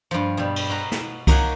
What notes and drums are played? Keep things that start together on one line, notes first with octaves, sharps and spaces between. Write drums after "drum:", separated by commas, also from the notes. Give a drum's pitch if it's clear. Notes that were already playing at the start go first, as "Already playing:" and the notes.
G2 F3
B2 G3
drum: cymbal
B2 F#4 A#5
drum: snare
A#3 D#4 C#5 F#5 G#5, drum: kick C2, cymbal